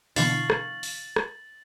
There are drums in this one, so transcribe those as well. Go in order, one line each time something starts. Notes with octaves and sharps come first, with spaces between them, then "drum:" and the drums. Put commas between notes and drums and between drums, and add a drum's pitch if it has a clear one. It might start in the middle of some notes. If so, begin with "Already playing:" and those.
B2 D3 E3 F5 C#6 A6 F#7, drum: open hi-hat
drum: rim click
drum: open hi-hat
drum: rim click